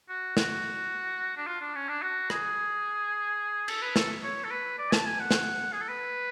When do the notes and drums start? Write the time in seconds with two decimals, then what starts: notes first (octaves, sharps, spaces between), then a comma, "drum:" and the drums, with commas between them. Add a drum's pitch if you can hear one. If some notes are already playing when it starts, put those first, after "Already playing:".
0.09 F#4
0.37 F#4, drum: snare
1.37 D4
1.47 F4
1.61 D4
1.75 C#4
1.88 D4
2.02 F#4
2.30 G#4, drum: rim click
3.68 A4, drum: cymbal
3.82 B4
3.96 A4, drum: snare
4.23 C#5
4.44 A4
4.51 B4
4.78 D5
4.92 A5, drum: snare
5.06 G#5
5.20 F#5
5.31 drum: snare
5.73 G#4
5.80 A4
5.88 B4